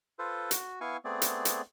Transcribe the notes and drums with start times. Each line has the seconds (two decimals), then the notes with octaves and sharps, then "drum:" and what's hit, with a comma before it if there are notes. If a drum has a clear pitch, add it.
0.19 F4 A4 B4 C5
0.51 F#4, drum: hi-hat
0.81 B3 E4 F5 G#5 C#6
1.05 A3 B3 C4 G#4 D5
1.22 drum: hi-hat
1.45 drum: hi-hat